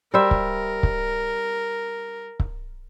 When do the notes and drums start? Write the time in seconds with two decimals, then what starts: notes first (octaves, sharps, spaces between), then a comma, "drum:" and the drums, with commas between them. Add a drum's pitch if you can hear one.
0.14 G3 A#4 C5 E5
0.31 drum: kick C#1
0.83 drum: kick C#1
2.40 drum: kick C#1